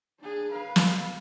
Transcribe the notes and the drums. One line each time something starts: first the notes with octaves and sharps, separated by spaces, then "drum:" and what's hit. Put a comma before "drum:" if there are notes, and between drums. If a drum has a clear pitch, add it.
D4 G#4
B4 F5
drum: snare